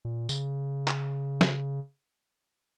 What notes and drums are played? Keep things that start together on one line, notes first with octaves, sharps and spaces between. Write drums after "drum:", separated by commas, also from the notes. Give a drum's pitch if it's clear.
A#2
C#3, drum: tambourine
drum: clap
drum: snare